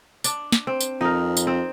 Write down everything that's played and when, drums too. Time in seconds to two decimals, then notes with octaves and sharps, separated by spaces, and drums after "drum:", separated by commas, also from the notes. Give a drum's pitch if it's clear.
0.24 D4 D5, drum: tambourine
0.52 drum: snare
0.67 C4
0.81 drum: tambourine
1.01 F2 D#4 A#4
1.37 drum: tambourine
1.47 C4